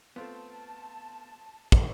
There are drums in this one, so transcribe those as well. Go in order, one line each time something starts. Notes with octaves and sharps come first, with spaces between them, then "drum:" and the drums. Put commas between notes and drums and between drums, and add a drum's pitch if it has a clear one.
A3 B3 C4 F4 A5
drum: kick